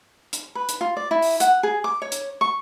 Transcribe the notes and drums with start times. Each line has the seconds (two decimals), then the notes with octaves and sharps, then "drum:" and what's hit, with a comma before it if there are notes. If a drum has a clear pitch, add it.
0.33 drum: hi-hat
0.55 B4
0.69 drum: hi-hat
0.81 F4
0.97 D5
1.11 E4
1.22 drum: open hi-hat
1.40 F#5, drum: hi-hat
1.63 G#4
1.84 D6
2.02 C#5
2.12 drum: hi-hat
2.41 C#6